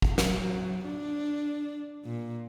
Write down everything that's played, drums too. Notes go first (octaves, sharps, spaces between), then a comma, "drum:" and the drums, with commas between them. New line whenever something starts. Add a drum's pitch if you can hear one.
drum: kick
F#3, drum: snare
D4
A#2